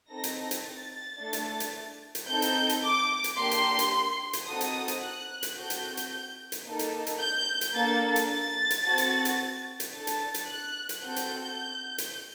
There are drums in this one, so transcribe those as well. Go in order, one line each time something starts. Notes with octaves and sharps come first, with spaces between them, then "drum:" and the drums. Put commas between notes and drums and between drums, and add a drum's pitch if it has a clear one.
C4 D#4 A4 A#6
drum: hi-hat
drum: hi-hat
A6
A3 D4 A4
drum: hi-hat
drum: hi-hat
drum: hi-hat
C4 D#4 A4 G6
drum: hi-hat
drum: hi-hat
D6
drum: hi-hat
A#3 D4 G4 C6
drum: hi-hat
drum: hi-hat
drum: hi-hat
C4 D#4 F#4 A4 D#6
drum: hi-hat
drum: hi-hat
F#6
drum: hi-hat
C4 F#4 A4 G6
drum: hi-hat
drum: hi-hat
drum: hi-hat
A#3 D#4 A4
drum: hi-hat
drum: hi-hat
G6
drum: hi-hat
A#3 D4 A4 A6
drum: hi-hat
A6
drum: hi-hat
C4 F#4 A4
drum: hi-hat
drum: hi-hat
drum: hi-hat
D4 A4 A6
drum: hi-hat
drum: hi-hat
F#6
drum: hi-hat
C4 F#4 A4 G6
drum: hi-hat
drum: hi-hat